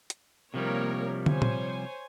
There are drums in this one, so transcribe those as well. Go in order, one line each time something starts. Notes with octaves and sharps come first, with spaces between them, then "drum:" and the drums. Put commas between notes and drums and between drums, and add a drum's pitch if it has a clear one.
drum: hi-hat
C3 F3 G3 A#3 A#4 C#5
C5 C#5 G#5, drum: tom
drum: tom A#2